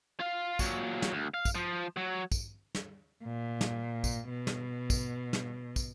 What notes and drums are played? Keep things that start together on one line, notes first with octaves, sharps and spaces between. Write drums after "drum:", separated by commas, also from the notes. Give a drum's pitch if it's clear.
F4 F5
A#2 F#3, drum: kick, tambourine
drum: snare
D2
F5
drum: kick, tambourine
F3
F#3
drum: kick, tambourine
drum: snare
A#2
drum: snare
drum: kick, tambourine
B2
drum: snare
drum: kick, tambourine
drum: snare
drum: kick, tambourine